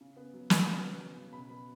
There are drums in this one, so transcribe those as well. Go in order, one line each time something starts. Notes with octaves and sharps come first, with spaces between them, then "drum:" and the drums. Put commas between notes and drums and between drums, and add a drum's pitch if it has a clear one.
C#3
B3
F#3
C#3, drum: snare
C#3
B3
F#3
C#3
B2 B5
B3